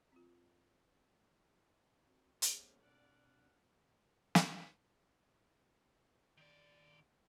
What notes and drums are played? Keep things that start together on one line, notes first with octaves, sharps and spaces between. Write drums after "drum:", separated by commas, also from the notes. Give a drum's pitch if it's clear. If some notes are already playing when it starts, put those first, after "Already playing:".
C4 F4
C4 F#4
F#2 A3 B3 C#4 G4 G#4 C5, drum: hi-hat
B2 C4 D4 A4 D5 F5 F#5
drum: snare
D#3 D5